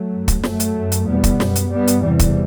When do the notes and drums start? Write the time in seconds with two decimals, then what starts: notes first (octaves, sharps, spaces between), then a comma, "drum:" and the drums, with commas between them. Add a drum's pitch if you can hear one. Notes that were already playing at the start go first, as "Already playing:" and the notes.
Already playing: F#3 A3
0.11 F#2
0.28 drum: kick, hi-hat
0.43 F#2 F#3 A3, drum: snare
0.60 drum: hi-hat
0.76 F#2
0.92 drum: hi-hat
1.07 E2 B2 G3 B3
1.24 drum: kick, hi-hat
1.40 F#2, drum: snare
1.56 drum: hi-hat
1.72 G2 G3 B3
1.87 drum: hi-hat
2.03 E2 C3 E3 G3
2.19 drum: kick, hi-hat